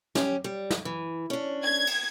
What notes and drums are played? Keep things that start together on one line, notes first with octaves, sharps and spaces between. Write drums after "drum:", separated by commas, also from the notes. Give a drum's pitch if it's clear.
C#4 G4, drum: snare
G3
drum: snare
E3
C#4 D4
G#6
drum: cymbal